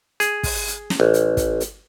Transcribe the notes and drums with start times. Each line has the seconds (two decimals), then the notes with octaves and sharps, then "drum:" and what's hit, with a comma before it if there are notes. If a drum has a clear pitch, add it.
0.20 G#4, drum: hi-hat
0.43 drum: kick, open hi-hat
0.67 drum: hi-hat
0.90 drum: snare
1.00 A1
1.14 drum: hi-hat
1.37 drum: kick, hi-hat
1.60 drum: hi-hat